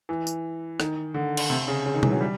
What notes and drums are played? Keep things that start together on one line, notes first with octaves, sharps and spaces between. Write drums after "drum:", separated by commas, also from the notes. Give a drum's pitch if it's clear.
E3
drum: tambourine
D#3, drum: rim click
D3
drum: cymbal
C3
C#3
C#3
D#3
E3, drum: tom
F#3
G3